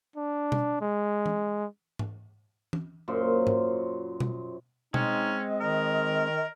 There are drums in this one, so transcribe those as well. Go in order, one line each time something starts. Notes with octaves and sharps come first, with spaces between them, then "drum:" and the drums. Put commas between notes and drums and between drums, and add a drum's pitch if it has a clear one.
D4
drum: tom B2
G#3
drum: tom E3
drum: tom G#2
drum: tom E3
F#2 A#2 C5
drum: tom G#2
drum: tom B2
G#3 C4 C#4 D#4 D#5, drum: tom B2
D#3 A#4